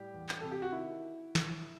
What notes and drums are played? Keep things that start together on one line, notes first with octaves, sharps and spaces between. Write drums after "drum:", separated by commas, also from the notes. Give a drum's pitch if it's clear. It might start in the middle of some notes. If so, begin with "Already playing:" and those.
Already playing: A2 G3 G4
E2
drum: clap
C3 A4
G4
F#4
D#3 E4
drum: snare